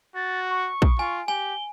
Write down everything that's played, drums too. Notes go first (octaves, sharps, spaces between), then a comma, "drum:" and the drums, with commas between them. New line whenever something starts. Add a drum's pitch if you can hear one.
F#4 A6
C#6
drum: kick A#1
F4 G#5
G4 G#5 G7